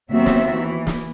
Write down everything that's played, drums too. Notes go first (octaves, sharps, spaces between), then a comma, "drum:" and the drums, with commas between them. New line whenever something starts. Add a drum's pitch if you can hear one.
D#2 F#3 B3 C4 F#4 E5
drum: snare
E3
drum: snare